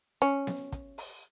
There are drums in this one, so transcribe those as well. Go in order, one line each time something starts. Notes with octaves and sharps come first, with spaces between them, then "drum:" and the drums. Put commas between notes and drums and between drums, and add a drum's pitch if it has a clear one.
C#4, drum: hi-hat
drum: snare B3
drum: kick, hi-hat
drum: open hi-hat